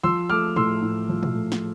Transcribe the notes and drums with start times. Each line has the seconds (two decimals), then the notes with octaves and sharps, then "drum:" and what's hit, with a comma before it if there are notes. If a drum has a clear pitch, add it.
0.04 F3 C6 E6
0.30 A3 D6 F6
0.56 A2 C6 E6, drum: tom A2
0.82 A2
1.09 F3
1.23 drum: tom A#2
1.34 A3
1.52 drum: snare